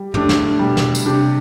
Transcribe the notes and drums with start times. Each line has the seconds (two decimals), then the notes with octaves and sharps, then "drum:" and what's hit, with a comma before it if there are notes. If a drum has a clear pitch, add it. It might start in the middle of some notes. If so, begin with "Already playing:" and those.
Already playing: G3
0.14 A2 A3 D4 G4, drum: tom
0.29 drum: snare
0.59 B2 G3
0.77 drum: snare
0.95 drum: tambourine
1.06 C3 D4 G4